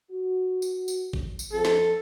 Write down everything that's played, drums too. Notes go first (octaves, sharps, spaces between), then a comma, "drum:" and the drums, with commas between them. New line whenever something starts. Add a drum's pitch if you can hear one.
F#4
drum: tambourine
drum: tambourine
drum: kick A1
drum: tambourine
F2 A4
drum: snare